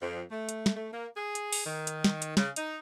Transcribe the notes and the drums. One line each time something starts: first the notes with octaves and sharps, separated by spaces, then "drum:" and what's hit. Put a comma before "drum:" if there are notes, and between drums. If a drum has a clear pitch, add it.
F2
A3
drum: hi-hat
drum: snare
A3
A#3
G#4
drum: hi-hat
drum: open hi-hat
D#3
drum: hi-hat
drum: snare
drum: hi-hat
C#3, drum: snare
D#4, drum: hi-hat